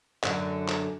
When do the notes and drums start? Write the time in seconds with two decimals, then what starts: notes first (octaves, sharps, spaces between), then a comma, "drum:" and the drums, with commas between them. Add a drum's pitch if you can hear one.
0.23 F#2 D3 D5, drum: clap
0.68 drum: clap